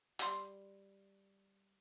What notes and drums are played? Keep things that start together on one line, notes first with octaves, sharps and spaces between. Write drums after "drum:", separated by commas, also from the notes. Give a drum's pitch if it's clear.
G3 C6, drum: hi-hat